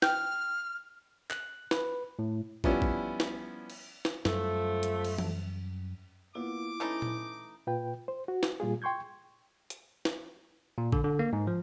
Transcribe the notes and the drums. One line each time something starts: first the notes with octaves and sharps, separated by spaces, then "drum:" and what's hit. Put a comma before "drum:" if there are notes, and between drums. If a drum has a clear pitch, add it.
G5 F6, drum: snare
F#6, drum: clap
B4, drum: snare
A2
F3 G3 B3 C#4 D4 E4, drum: kick
drum: kick
drum: snare
drum: cymbal
drum: snare
F#2 F3 G3 A3, drum: snare
drum: hi-hat
drum: cymbal
drum: tom E3
A#3 B3 E4 F4 D6
E3 A3 C#4 D#4
drum: tom A#2
A#2 F4 B4 G5
C5
F#4
drum: snare
A#2 G3 F4 G#4
G5 C6 C#6 G6 G#6
drum: hi-hat
drum: snare
A#2
D3, drum: kick
D3
A#3
G#2
F3